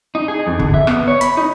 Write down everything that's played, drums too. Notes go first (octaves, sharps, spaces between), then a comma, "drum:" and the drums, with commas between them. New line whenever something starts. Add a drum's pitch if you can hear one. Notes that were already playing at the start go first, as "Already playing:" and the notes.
D#4
G#4
F2
D3, drum: kick
E5
B3, drum: rim click
C#5
B5, drum: hi-hat
D#4